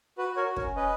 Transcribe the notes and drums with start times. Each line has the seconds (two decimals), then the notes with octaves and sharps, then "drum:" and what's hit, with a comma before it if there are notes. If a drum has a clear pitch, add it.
0.18 F#4 B4
0.32 F#4 A#4 C#5
0.47 F#4
0.56 A#4 C#5, drum: kick
0.62 C#4
0.76 C#4 B4 D#5